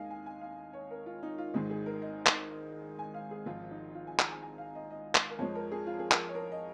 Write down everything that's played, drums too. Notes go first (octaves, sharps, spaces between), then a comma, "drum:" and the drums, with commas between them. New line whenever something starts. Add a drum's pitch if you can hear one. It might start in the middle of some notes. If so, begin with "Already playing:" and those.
Already playing: D#2 D#3 G#3 D#5 F5 G#5
G#5
G#5
F5
C#5
A#4
F4
D#4
F4
G#1 G#2 D#3 G#3 G#4
G#4
A#4
D#5
drum: clap
G#5
F5
G#4
G#1 G#2 F3 F4
D#4
F4
G#5
A#5, drum: clap
G#5
G#5
F5
D#5
D#5
drum: clap
A#4
F2 F3 G#3 C#5
A#4
G#4
F4
G#4
A#4, drum: clap
C#5
A#4
D#5